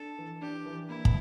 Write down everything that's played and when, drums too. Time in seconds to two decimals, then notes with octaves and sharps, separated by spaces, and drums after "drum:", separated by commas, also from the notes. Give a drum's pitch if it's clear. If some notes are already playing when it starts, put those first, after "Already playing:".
Already playing: D4 A4
0.19 E3
0.42 D4 G4
0.66 E3
0.89 A#3 E4
1.05 drum: kick